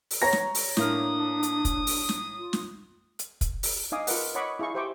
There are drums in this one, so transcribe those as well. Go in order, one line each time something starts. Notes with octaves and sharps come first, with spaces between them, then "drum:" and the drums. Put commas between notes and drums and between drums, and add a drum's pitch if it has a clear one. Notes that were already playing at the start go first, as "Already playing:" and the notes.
drum: open hi-hat
C#5 A#5 A#6
drum: snare
drum: open hi-hat
A2 A#3 D4 D#6 F6, drum: snare
drum: hi-hat
drum: kick, hi-hat
drum: open hi-hat
drum: snare
F4
drum: snare
drum: hi-hat
drum: kick, hi-hat
drum: open hi-hat
D#4 D#5 F5 G#5 D6 D#6
F4 A#4 B4 F#5, drum: open hi-hat
C#5 D#5 F#5 B5 C#6 D6
E4 G#4 F5 C#6
G4 C5 E5 G5 C#6 D6